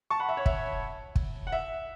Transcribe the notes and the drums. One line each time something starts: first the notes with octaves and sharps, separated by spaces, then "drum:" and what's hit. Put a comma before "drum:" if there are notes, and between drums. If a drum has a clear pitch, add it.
A5 C#6
F#5 B5
E5
C#5
E5, drum: kick
drum: kick
F#5
E5